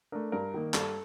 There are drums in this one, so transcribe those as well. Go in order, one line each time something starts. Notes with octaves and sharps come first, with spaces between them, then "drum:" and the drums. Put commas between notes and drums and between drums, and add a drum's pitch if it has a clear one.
A3 D4 A#4
G2 A#4
D#3 A#3
G2 A4, drum: clap